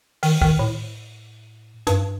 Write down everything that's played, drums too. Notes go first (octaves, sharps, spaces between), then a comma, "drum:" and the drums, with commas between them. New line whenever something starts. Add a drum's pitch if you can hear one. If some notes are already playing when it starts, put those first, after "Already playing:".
D#3, drum: open hi-hat
D#3, drum: kick
A2
G2, drum: hi-hat